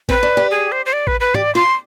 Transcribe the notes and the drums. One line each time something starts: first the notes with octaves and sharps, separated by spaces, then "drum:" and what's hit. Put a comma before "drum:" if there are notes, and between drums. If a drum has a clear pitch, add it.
C4 B4, drum: kick A1
D4
G4
G#4
C5
C5
D5
B4, drum: kick A1
B4
G4 D5, drum: tom G#2
F4 C6